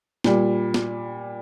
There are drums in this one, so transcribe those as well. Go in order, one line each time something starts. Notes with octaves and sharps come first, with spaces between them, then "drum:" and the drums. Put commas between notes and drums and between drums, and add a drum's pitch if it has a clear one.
A#2 G3, drum: snare
drum: snare